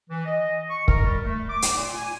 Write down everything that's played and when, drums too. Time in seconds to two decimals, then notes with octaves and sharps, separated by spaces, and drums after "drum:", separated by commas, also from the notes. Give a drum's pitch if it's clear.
0.10 E3
0.26 D#5
0.70 C#6
0.88 A#4, drum: kick
1.04 G3
1.24 A3
1.50 D6
1.62 drum: hi-hat
1.75 A#2
1.95 G#5